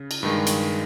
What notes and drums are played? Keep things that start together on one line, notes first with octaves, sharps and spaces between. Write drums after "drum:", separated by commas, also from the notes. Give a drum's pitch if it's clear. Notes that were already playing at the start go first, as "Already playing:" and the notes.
Already playing: C#3
drum: cymbal
G2 D#3 G#3
drum: hi-hat